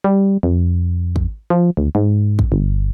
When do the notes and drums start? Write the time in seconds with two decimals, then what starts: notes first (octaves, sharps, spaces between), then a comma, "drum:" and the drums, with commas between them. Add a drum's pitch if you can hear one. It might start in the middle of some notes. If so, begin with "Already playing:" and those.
0.04 G3
0.43 F2
1.16 drum: kick
1.50 F3
1.77 D2
1.95 G#2
2.39 drum: kick
2.52 G1